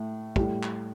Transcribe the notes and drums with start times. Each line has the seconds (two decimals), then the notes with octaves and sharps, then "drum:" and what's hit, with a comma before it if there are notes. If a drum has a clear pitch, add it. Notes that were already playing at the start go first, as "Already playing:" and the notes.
Already playing: A2 A3
0.36 A2 G3, drum: kick
0.63 drum: clap